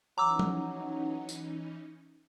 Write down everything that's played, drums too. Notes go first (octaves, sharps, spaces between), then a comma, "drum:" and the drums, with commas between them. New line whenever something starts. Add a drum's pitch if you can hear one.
E3 F#3 C#4 D#4 A#5 D6 E6
drum: tom F3
drum: tambourine